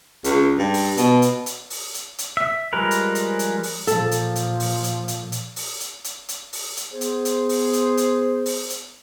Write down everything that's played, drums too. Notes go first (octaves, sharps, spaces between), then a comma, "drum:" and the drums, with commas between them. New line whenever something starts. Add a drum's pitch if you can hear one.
C#2, drum: hi-hat
G2
drum: open hi-hat
B2, drum: hi-hat
drum: hi-hat
drum: hi-hat
drum: open hi-hat
drum: hi-hat
drum: hi-hat
E5
F3 G3 G#3 A#4 B4
drum: hi-hat
drum: hi-hat
drum: hi-hat
drum: open hi-hat
A#2 F3 A4, drum: hi-hat
drum: hi-hat
drum: hi-hat
drum: open hi-hat
drum: hi-hat
drum: hi-hat
drum: hi-hat
drum: open hi-hat
drum: hi-hat
drum: hi-hat
drum: hi-hat
drum: open hi-hat
drum: hi-hat
B3 G#4 C5
drum: hi-hat
drum: hi-hat
drum: open hi-hat
drum: hi-hat
drum: hi-hat
drum: open hi-hat
drum: hi-hat